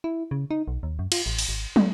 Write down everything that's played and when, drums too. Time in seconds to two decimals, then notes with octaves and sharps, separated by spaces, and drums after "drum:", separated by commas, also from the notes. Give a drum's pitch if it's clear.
0.04 E4
0.31 C#3
0.51 D#4
0.68 B1
0.83 D#2
0.99 F#2
1.12 F4, drum: cymbal
1.26 A1
1.39 drum: open hi-hat
1.49 G#1
1.76 A3, drum: tom